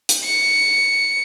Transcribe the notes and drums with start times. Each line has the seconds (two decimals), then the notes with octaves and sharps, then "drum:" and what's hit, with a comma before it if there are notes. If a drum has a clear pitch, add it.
0.09 drum: hi-hat
0.25 C#7